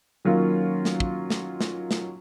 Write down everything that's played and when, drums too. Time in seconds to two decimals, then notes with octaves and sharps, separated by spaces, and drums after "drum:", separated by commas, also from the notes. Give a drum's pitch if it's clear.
0.25 D#3 F#3 A#3 C#4 F4
0.85 drum: snare
1.00 drum: kick
1.30 drum: snare
1.61 drum: snare
1.91 drum: snare